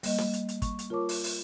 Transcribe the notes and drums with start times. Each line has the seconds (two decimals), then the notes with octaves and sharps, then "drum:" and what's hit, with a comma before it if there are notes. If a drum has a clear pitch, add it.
0.03 G3 A#3 D#5, drum: open hi-hat
0.18 drum: snare
0.33 drum: hi-hat
0.49 drum: hi-hat
0.62 C#6, drum: kick, hi-hat
0.79 drum: hi-hat
0.90 F4 A#4 C#5 A5 C#6 D6
1.09 drum: open hi-hat
1.24 drum: open hi-hat